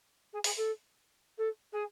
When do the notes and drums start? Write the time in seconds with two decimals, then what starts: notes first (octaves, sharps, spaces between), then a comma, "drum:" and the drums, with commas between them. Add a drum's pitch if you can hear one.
0.33 G#4
0.44 G#4, drum: open hi-hat
0.57 A4
1.38 A4
1.72 G#4